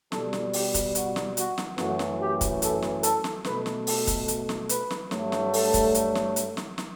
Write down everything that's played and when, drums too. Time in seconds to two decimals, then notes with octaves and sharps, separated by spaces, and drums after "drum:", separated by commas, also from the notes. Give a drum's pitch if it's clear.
0.12 B2 G3 A4, drum: snare
0.33 drum: snare
0.53 G4, drum: open hi-hat
0.74 drum: kick, hi-hat
0.95 F#4, drum: hi-hat
1.16 drum: snare
1.37 F#4, drum: hi-hat
1.58 drum: snare
1.78 F#2 E3 A3 F#4, drum: snare
1.99 drum: snare
2.20 G4
2.41 drum: kick, hi-hat
2.62 A4, drum: hi-hat
2.82 drum: snare
3.03 A4, drum: hi-hat
3.24 drum: snare
3.45 B2 A3 B4, drum: snare
3.66 drum: snare
3.87 A4, drum: open hi-hat
4.07 drum: kick, hi-hat
4.28 drum: hi-hat
4.49 drum: snare
4.69 B4, drum: hi-hat
4.90 drum: snare
5.11 G2 F#3 A3, drum: snare
5.32 drum: snare
5.54 A4, drum: open hi-hat
5.74 drum: kick, hi-hat
5.95 drum: hi-hat
6.15 drum: snare
6.36 drum: hi-hat
6.57 drum: snare
6.78 drum: snare